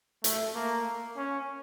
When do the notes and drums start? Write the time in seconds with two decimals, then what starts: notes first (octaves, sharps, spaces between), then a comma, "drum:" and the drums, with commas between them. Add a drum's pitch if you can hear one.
0.24 A3, drum: hi-hat
0.55 A#3
1.17 C#4